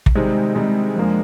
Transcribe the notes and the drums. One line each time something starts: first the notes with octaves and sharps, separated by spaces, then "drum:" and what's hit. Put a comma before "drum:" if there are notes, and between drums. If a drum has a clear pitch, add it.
drum: kick
C3 D#3 G3 G#3 C4 D#4
C3 D#3 G3 C4 D#4
F2 D3 F3 A#3